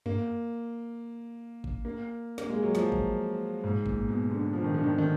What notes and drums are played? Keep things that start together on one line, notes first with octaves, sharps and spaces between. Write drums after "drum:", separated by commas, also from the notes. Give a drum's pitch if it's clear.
A#3, drum: tom F#2
drum: kick G#1
A#3
A#3, drum: snare
G#3
F#3
F3, drum: snare
drum: kick G#1
G#2
A#2, drum: kick G#1
B2
D3
F3
D#3
D3
D#3
D#3